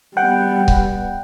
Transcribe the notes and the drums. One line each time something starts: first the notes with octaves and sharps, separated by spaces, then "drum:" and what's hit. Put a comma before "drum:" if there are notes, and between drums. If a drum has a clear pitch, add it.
G3 B3 F#5 G5
drum: kick C#1